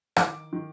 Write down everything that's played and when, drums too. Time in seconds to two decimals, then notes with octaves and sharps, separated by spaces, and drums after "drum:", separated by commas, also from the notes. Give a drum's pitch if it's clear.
0.16 D#3 D6, drum: rim click
0.53 D#3